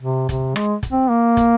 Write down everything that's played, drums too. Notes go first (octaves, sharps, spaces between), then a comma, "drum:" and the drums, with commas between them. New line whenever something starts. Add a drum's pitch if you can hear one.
C3
C3, drum: kick, hi-hat
G#3, drum: rim click
drum: kick, hi-hat
C4
A#3
drum: kick, hi-hat